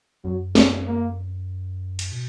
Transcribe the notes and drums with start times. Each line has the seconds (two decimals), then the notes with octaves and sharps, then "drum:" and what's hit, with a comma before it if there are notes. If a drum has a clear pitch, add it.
0.24 F#2 F#3
0.55 G#3, drum: snare
0.87 A#3
1.99 drum: cymbal
2.12 B2